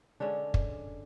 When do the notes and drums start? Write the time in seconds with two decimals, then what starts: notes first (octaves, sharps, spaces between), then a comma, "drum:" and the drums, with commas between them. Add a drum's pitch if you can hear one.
0.20 D3 G#3 C#4 D4
0.54 drum: kick